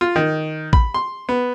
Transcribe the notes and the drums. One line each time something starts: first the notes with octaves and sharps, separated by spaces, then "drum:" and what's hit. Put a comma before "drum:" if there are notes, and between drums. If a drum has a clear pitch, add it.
F4
D#3
B5, drum: kick
C6
B3